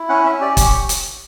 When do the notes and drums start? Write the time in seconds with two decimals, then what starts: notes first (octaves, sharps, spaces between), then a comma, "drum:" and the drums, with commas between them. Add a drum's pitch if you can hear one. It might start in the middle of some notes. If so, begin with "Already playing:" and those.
Already playing: E4
0.09 C#4 F#5
0.25 C#4 E5
0.41 G4 D5
0.57 G4, drum: kick, hi-hat
0.66 C#6
0.89 drum: hi-hat